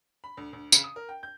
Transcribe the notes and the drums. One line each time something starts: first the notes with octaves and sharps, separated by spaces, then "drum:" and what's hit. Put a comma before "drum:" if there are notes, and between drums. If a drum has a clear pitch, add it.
B5
D2
D2
C#3, drum: tambourine
D#6
A#4
G5
G6